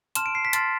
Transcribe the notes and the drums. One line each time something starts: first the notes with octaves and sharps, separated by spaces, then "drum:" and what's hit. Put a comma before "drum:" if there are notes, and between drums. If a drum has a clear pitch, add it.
A5 C6 F6 E7, drum: hi-hat
D7
C7
B6
A5 C6 F6 A6, drum: hi-hat